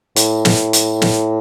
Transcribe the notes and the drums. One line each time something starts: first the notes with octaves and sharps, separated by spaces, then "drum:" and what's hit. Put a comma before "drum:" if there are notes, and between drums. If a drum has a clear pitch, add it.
A2, drum: hi-hat
drum: snare
drum: hi-hat
drum: snare